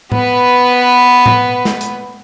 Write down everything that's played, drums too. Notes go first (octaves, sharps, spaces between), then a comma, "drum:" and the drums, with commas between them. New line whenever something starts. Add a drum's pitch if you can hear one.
B3 B4, drum: tom A2
drum: tom A2
drum: snare
drum: hi-hat